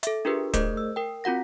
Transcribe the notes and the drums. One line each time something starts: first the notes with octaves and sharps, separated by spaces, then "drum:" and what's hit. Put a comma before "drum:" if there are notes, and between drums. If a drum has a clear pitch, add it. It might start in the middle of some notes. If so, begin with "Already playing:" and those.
A4 E5, drum: hi-hat
D4 F4 G4 G#4 A#4 B4
A3 G#4 A#4 C5 D#5 G6, drum: kick, hi-hat
E6
A#4 G5
C4 F4 F#4 F#5 A#6